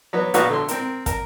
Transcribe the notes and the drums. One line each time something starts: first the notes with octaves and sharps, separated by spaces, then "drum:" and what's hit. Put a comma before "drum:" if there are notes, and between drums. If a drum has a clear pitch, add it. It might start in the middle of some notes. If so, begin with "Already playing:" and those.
F#3 B3
A#1 B3 F4 F#4 A#5 C#6, drum: hi-hat
D3 C6
C4 A#4, drum: hi-hat
A#4, drum: kick, hi-hat